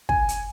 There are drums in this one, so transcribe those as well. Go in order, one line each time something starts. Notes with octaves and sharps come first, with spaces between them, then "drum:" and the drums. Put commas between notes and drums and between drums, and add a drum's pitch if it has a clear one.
G#5, drum: kick
drum: hi-hat